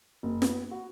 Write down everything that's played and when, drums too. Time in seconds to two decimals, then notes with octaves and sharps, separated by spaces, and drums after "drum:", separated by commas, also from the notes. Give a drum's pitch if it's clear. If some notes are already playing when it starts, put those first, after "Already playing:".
0.23 F#1
0.42 B3, drum: snare
0.71 F#4